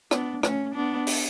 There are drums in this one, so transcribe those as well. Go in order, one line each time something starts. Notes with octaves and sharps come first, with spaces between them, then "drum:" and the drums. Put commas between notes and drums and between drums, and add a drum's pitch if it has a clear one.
B3 D4, drum: rim click
A3 C#4, drum: rim click
B3 D4
drum: open hi-hat